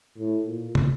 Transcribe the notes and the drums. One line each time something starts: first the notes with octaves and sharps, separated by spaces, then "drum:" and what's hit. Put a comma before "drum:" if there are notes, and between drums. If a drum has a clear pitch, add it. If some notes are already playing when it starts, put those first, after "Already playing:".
A2
A#2
drum: tom